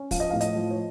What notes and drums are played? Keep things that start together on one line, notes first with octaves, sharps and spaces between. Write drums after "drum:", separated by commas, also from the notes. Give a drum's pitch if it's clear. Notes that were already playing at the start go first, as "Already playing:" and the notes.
Already playing: C#4
F3 F5, drum: kick, open hi-hat
D#5
A2 F5
D#5, drum: hi-hat
F3
C#5